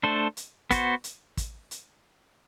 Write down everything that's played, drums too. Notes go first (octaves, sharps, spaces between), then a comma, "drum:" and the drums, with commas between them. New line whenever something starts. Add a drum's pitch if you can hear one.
A3 D4 A4 C5
drum: hi-hat
B3 F#4 C5, drum: kick, hi-hat
drum: hi-hat
drum: kick, hi-hat
drum: hi-hat